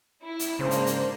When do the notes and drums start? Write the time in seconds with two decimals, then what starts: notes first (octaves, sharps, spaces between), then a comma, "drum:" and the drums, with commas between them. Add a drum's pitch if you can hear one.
0.24 E4
0.39 drum: hi-hat
0.59 G#2 C#3 A#3 D4 C5
0.71 drum: hi-hat
0.86 drum: hi-hat